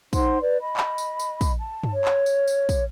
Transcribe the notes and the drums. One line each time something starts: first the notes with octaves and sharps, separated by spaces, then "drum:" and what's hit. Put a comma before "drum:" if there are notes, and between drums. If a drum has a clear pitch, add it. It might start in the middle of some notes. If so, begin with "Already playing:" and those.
D#4 C5 F#5 C6, drum: kick, tambourine
B4 D5
D#5 B5
drum: clap
drum: tambourine
drum: tambourine
drum: kick, tambourine
A5
drum: tom G2
C#5
drum: clap
drum: tambourine
drum: tambourine
drum: kick, tambourine